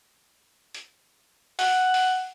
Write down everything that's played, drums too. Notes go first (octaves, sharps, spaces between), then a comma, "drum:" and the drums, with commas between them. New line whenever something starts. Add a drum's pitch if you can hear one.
drum: hi-hat
F#5, drum: open hi-hat
drum: open hi-hat